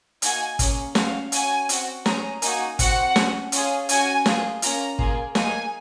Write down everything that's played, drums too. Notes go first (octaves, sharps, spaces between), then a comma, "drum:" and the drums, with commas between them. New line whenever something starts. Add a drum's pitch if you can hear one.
A#3 D#4 F#4 G#5, drum: hi-hat
A#3 C#4 G#4, drum: kick, hi-hat
C#4 F#4 F5, drum: snare
C#4 F#4 G#5, drum: hi-hat
C4 F#4, drum: hi-hat
C#4 G#4 A#5, drum: snare
A#3 D#4 F#4 G#5, drum: hi-hat
C4 F#4 F#5, drum: kick, hi-hat
C#4 F#4, drum: snare
C#4 F4 G#4, drum: hi-hat
C#4 F#4 G#5, drum: hi-hat
A#3 F4 G#4, drum: snare
A#3 C#4 F4 A#5, drum: hi-hat
A#3 F4 G#4, drum: kick
A#3 D#4 G#4 G#5, drum: snare